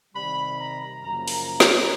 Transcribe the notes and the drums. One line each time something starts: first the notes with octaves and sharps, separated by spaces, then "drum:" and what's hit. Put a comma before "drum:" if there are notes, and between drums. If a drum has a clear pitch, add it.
C3 D#3 G3 B5
A#5
F#2 C#3 F3 A#3 A#5
drum: open hi-hat
A#5
drum: snare